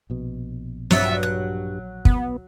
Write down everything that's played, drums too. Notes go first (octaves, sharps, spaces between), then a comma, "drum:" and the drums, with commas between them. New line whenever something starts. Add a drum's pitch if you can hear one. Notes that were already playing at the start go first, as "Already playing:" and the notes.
A#1 B2
G2 F#3 F4 E5, drum: snare
F#6
B3, drum: kick